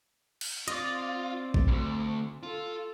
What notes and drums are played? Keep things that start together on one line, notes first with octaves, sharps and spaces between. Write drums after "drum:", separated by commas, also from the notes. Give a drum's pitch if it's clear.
drum: cymbal
C4 F4 D5 D#5, drum: hi-hat
drum: kick A#1
D2 G2
F4 A4